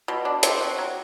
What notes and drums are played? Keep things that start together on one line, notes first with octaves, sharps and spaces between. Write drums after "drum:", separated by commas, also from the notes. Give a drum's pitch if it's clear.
B2
D4
C4, drum: hi-hat
F#4
F#3